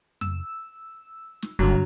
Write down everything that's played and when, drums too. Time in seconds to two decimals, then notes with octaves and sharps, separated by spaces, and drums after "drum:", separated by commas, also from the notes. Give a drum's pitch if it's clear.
0.21 E6, drum: tom F2
1.42 drum: snare
1.59 F#1 G2 D3 F#3